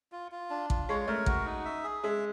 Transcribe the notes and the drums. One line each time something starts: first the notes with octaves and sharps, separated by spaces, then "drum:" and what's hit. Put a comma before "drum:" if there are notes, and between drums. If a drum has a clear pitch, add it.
F4
F4
D4
F4, drum: kick A1
G#3 C#5
A3 A#4
F#4, drum: kick A1
D#4
E5
G#4
G#3 E5